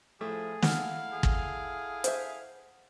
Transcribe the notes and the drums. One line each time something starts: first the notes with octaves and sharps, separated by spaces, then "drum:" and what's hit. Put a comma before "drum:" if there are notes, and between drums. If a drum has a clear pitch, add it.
A2 F3 A3 G#4
E4 A4 F5 F#5 F6, drum: snare
G#4
drum: kick
C5 E5, drum: hi-hat